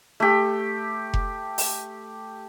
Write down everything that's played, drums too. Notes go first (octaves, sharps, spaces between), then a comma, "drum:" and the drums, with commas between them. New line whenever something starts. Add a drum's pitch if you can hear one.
A3 G4
drum: kick F1
drum: open hi-hat